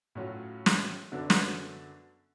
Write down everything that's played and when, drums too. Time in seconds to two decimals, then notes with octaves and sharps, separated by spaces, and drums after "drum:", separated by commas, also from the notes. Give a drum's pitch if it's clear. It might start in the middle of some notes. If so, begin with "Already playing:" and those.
0.15 A2 F#3 C#4 F4
0.66 drum: snare
1.11 F#2 D3 F#3 B3 D4
1.30 drum: snare